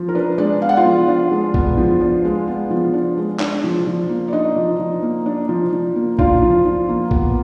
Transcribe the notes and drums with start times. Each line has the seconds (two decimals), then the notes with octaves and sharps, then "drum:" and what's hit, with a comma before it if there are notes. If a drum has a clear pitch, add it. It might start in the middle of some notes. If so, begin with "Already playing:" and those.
Already playing: F3
0.09 A#4
0.15 D4 B4
0.38 G#3 D4 D5
0.62 B3 F5
0.69 F#5
0.77 F4 F5
0.85 F3
1.08 D4
1.31 G#3
1.54 B3, drum: kick A#1
1.77 F3
2.01 D4
2.24 G#3
2.47 B3
2.70 F3
2.93 D4
3.17 G#3
3.40 D4, drum: clap
3.64 F3
3.87 F3
4.09 A#3
4.28 D5
4.33 D4 D#4 D#5
4.56 F3
4.79 F3
5.02 A#3
5.26 D4
5.49 F3
5.73 F3
5.96 A#3
6.19 D4 F4 F5, drum: kick A#1
6.42 F3
6.65 F3
6.89 A#3
7.11 B3, drum: kick A#1